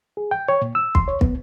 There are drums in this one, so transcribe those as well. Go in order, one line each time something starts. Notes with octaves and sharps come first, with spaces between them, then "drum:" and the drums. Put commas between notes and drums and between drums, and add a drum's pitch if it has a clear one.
G#4
G5
C#5
A#2
E6
C6, drum: kick
C#5
B3, drum: kick